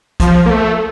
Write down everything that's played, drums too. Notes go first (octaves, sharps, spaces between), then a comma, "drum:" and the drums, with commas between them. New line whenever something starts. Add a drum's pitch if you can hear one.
F3, drum: kick, hi-hat
A#3
A3